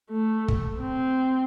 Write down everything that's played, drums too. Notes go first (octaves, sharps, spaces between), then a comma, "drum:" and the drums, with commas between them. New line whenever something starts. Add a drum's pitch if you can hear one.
A3
drum: kick
C4